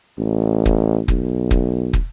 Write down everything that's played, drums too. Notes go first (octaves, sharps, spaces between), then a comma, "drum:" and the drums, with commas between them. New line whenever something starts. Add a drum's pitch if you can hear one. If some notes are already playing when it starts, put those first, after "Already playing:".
A1
drum: kick
B1, drum: kick
drum: kick
drum: kick